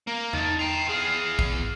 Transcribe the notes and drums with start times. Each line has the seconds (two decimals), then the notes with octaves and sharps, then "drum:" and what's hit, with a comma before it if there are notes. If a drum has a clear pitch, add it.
0.07 A#3
0.33 D#3 A5, drum: tom E2
0.59 G5 A#5 C6
0.88 E2 G#4 F5
1.39 drum: kick A1